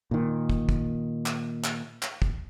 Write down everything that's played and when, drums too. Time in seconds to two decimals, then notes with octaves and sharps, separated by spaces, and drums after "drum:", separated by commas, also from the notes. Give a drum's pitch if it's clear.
0.11 A#2 D#3
0.50 drum: kick
0.69 drum: kick
1.26 drum: clap
1.64 drum: clap
2.03 drum: clap
2.22 drum: kick